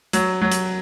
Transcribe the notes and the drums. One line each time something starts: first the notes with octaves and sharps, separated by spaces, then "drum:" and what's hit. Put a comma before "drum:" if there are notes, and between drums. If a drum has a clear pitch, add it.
F#3, drum: hi-hat
F#3
drum: hi-hat